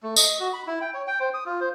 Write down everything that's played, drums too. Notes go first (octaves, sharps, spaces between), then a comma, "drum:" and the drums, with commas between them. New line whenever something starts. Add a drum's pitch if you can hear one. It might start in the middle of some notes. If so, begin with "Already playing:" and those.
A3
D#5, drum: tambourine
F#4
B5
E4
G5
C#5
G5
C5
D#6
F4
C5